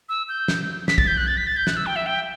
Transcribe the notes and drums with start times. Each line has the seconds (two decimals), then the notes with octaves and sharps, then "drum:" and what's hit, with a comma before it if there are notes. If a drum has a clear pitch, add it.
0.09 E6
0.29 G6
0.48 drum: snare
0.88 B6, drum: snare
0.98 A6, drum: kick
1.07 G6
1.17 F#6
1.27 A6
1.37 B6
1.47 A6
1.57 G6
1.67 F#6, drum: snare
1.77 E6
1.86 G5
1.96 E5
2.06 G5